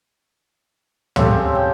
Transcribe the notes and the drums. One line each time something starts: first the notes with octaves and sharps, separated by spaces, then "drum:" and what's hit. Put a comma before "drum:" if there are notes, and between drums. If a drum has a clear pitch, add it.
C#3 C4 G4 A4, drum: tom
G5